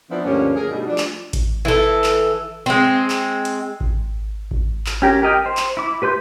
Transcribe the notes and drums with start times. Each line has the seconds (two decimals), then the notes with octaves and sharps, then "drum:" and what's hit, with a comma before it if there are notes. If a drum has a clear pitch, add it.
0.10 E3 F3 B3 C4 D4 E4
0.25 D2 G2 F3 A#3 C#4
0.56 G#4 A#4
0.70 B2 G3 A3 D4 D#4 G#4
0.88 F3 G3 A3 D4
0.98 drum: clap
1.33 drum: kick A1, hi-hat
1.65 E3 A4
2.04 drum: clap
2.66 G#3 C4
3.10 drum: clap
3.45 drum: hi-hat
3.80 drum: kick A1
4.51 drum: kick A1
4.86 drum: clap
5.02 C#4 G4 A#4
5.22 G4 A#4 D#5 G5
5.46 C5
5.57 drum: clap
5.77 E4 D6
6.02 G4 B4 C6 G6